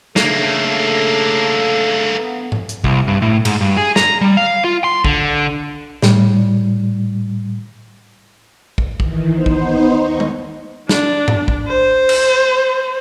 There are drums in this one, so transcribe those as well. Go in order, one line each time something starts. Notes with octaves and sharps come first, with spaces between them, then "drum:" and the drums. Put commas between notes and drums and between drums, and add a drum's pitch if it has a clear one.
C#3 A3 A#3 D4 A4, drum: snare
B3
drum: tom G#2
drum: hi-hat
C2, drum: kick
G2
A2
G#2, drum: cymbal
G2
G#4
A#5, drum: snare
G3
F5
F4
C6
D3, drum: kick
A2 G3, drum: snare
drum: kick
D#3 E3, drum: kick
B3 D#4 C5
drum: kick
D#2 D#5 C#6
drum: tom G#3
D4, drum: snare
drum: tom G#2
drum: kick
C5
drum: cymbal